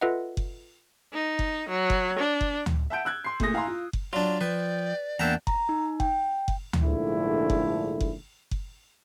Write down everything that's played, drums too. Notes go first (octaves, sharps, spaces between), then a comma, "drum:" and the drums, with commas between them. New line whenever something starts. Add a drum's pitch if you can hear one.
F4 A4 B4 D#5 E5 F#5
drum: kick F#1
D#4
drum: kick F#1
F#3
drum: kick F#1
D4
drum: kick F#1
drum: tom D2
E5 F#5 A5 G6 D7
E6 F#6 G#6
C6 C7
A#2 A3 G#4 D#6 A#6, drum: kick F#1
E4 F5 G#5 A#5 C6
F4
drum: kick F#1
F#3 D4 F4 D5
F3 B4 G5
E2 A#3 D4 E5 F#5 G5 A5 A#5
A#5, drum: kick F#1
D#4
G5, drum: kick F#1
drum: kick F#1
drum: tom D2
A#1 G#2 D3 A3 E4
drum: kick F#1
drum: kick F#1
drum: kick F#1